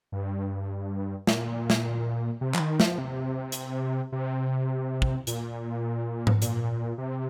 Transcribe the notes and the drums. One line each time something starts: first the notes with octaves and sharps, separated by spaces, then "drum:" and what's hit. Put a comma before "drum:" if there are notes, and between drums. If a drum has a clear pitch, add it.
G2
A#2, drum: snare
drum: snare
C3
F3, drum: clap
D#3
F3, drum: snare
C3
drum: hi-hat
C3
drum: kick
A#2, drum: hi-hat
drum: tom G#2
A#2, drum: hi-hat
C3